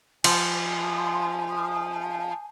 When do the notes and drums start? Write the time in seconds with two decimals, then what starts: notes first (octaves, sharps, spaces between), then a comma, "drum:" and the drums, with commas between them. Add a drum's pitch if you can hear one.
0.24 F3 G#5, drum: cymbal